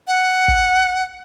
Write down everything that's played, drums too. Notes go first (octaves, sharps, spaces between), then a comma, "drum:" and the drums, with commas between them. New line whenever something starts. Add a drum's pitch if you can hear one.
F#5
drum: kick